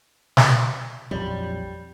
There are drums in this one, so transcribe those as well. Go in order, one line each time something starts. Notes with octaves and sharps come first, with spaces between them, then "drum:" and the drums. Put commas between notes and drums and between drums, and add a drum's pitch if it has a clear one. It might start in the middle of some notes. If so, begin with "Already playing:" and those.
drum: snare
A#1 F2 F#3 G3